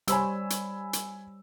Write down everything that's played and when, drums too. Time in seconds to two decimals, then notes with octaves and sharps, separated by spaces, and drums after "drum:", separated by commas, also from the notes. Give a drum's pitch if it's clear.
0.08 G3 C5 C#5 G#5 B5 E6, drum: hi-hat
0.50 drum: hi-hat
0.93 drum: hi-hat